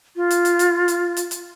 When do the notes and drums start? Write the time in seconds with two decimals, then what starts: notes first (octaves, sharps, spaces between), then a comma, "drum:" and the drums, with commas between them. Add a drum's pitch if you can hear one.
0.16 F4
0.31 drum: hi-hat
0.45 drum: hi-hat
0.59 drum: hi-hat
0.88 drum: hi-hat
1.17 drum: hi-hat
1.31 drum: hi-hat